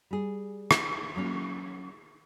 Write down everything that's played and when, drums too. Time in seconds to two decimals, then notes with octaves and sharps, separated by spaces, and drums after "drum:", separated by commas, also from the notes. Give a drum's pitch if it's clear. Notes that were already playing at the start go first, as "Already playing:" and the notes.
0.11 G3 G#4
0.71 drum: rim click
1.16 F#3 A#3 C#4